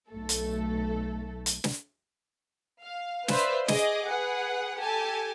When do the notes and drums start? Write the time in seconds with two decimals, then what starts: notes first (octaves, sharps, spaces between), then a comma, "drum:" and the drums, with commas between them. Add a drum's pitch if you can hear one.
0.11 B1 A3 A4
0.29 drum: hi-hat
1.46 drum: hi-hat
1.64 drum: snare
2.82 F5
3.28 B4 C5 D5 E5 F5, drum: snare
3.68 G#4 D#5 D6, drum: snare
4.06 G#4 B4 F#5
4.78 G4 A4 G#5 A5